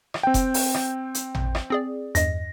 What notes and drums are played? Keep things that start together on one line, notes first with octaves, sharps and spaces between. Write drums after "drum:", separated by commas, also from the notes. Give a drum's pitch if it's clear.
drum: rim click
C4 G5
drum: kick F1, hi-hat
drum: open hi-hat
drum: rim click
drum: hi-hat
drum: tom
drum: rim click
C4 G#4 D5
E2 G2 D#5 A#6, drum: hi-hat